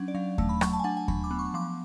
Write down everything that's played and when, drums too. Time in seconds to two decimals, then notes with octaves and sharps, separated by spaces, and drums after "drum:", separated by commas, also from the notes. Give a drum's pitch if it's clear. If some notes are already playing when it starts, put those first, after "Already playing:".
Already playing: F#3 C#4 D4 F#5
0.08 D5
0.15 F#3 F5
0.38 A3 A5, drum: kick D#2
0.49 B5
0.61 F#3 C#6, drum: rim click
0.73 A5
0.79 G#5
0.84 D4 F#5
0.97 G#5
1.08 F#3 B5, drum: kick D#2
1.24 D6
1.31 B3
1.39 C#6
1.54 F3 D6